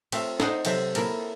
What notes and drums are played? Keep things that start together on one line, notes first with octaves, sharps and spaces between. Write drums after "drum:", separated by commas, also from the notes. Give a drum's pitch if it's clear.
A3 C4 F4 E5 F5, drum: cymbal
D#4 C5 D#5 F#5, drum: snare
C3 F#3 A4 C5 E5, drum: cymbal
A#3 E4 A4 A#4, drum: cymbal